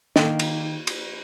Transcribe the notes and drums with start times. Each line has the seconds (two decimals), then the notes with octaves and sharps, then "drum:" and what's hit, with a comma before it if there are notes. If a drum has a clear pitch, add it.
0.16 D#3 A#3, drum: snare
0.39 drum: cymbal
0.87 drum: cymbal